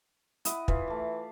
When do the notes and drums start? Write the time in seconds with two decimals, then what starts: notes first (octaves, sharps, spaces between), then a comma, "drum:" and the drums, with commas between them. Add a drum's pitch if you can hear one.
0.45 E4 D#5 F#5, drum: hi-hat
0.68 E3 F4 E5 F5, drum: kick
0.88 A3 D6